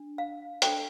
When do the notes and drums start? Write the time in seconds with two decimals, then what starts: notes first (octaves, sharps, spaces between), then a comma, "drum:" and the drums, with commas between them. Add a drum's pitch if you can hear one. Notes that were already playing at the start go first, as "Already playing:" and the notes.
Already playing: D4
0.18 F5
0.62 D4 A4 C5 G5, drum: hi-hat